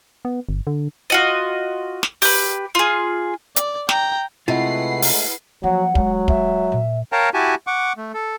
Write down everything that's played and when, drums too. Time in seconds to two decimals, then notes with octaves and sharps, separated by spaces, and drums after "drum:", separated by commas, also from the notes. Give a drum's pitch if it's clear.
0.25 B3
0.49 G1
0.67 D3
1.10 F4 F#4 D#5
2.03 drum: snare
2.22 G4 B4, drum: open hi-hat
2.75 F4 G#4
3.56 D5, drum: hi-hat
3.89 G5 A#5, drum: snare
4.48 C3 G#3 A3 E4 F4 B4 F#5 C7
5.02 drum: open hi-hat
5.63 F3 F#3 A#3 F#5
5.95 F#3 G#3, drum: kick
6.28 E5, drum: kick
6.72 A#2
7.12 A#4 C#5 F5 G5 A5 A#5
7.34 E4 F#4 G4 G#5 A5
7.67 F#5 C#6 D6
7.97 A3
8.14 A4